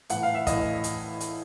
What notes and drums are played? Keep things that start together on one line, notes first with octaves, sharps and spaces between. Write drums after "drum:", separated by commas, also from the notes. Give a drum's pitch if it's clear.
A2 E3 F#5, drum: hi-hat
F5
E5
A2 E3 D#5, drum: kick, hi-hat
drum: hi-hat
drum: hi-hat